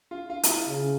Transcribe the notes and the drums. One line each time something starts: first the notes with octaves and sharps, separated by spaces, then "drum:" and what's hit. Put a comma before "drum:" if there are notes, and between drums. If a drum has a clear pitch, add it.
F4
F4
E4, drum: hi-hat
F4
C#3